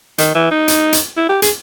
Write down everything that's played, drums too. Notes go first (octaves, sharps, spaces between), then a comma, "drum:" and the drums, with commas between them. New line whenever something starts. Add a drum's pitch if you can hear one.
D#3, drum: hi-hat
E3
D#4
drum: hi-hat
drum: hi-hat
E4
G4
G#4, drum: hi-hat